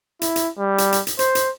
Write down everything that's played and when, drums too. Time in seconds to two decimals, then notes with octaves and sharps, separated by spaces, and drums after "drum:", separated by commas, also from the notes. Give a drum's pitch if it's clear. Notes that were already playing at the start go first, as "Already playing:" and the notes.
0.21 E4, drum: hi-hat
0.36 drum: hi-hat
0.59 G3
0.78 drum: hi-hat
0.92 drum: hi-hat
1.07 drum: hi-hat
1.19 C5, drum: hi-hat
1.35 drum: hi-hat